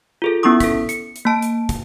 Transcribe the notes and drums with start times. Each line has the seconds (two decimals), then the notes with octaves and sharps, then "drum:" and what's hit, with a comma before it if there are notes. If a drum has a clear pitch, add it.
0.22 F4 G#4 A4
0.43 B3 C#4 E4 C#6 D#6
0.60 A4 B6, drum: kick, hi-hat
0.89 C#7, drum: hi-hat
1.16 drum: hi-hat
1.25 A#3 A5 D7
1.42 drum: hi-hat
1.69 drum: kick, hi-hat